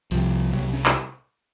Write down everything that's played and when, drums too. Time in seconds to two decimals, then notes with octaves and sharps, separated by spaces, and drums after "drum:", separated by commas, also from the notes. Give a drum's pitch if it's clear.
0.11 C2 C3 F3, drum: open hi-hat
0.53 C2 C3 F#3
0.73 C#4
0.86 drum: clap